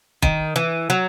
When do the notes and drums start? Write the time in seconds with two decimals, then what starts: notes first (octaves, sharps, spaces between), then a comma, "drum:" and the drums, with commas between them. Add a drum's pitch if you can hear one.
0.22 D#3, drum: kick
0.56 E3
0.90 F#3